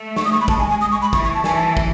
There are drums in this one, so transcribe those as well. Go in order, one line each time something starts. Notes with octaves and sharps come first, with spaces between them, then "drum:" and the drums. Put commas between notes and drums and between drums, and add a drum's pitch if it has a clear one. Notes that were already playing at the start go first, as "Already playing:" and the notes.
Already playing: A3
C#6, drum: snare
D#6
C#6
B5
G#3 A5, drum: kick
G#5
G#5
D#6
C#6
B5
E3 C#6, drum: kick
C#6
A5
E3 G#5, drum: snare
A5
drum: kick